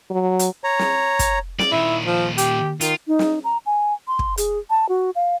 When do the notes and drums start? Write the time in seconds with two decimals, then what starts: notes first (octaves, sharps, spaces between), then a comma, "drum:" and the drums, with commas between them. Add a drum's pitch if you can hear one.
0.10 F#3
0.39 drum: hi-hat
0.64 C#5 A#5
0.79 drum: snare
1.19 drum: kick, hi-hat
1.59 D5, drum: snare
1.72 A#2 D#3 E4
2.05 F3
2.38 G4, drum: hi-hat
2.81 D#3 F4, drum: hi-hat
3.08 D#4
3.19 drum: snare
3.44 A#5
3.66 G#5
4.08 C6
4.19 drum: kick
4.37 G#4, drum: hi-hat
4.70 A5
4.89 F#4
5.16 F5